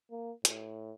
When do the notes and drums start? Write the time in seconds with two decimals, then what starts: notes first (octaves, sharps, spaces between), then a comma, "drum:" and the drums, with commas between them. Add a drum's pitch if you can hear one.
0.11 A#3
0.45 A2, drum: hi-hat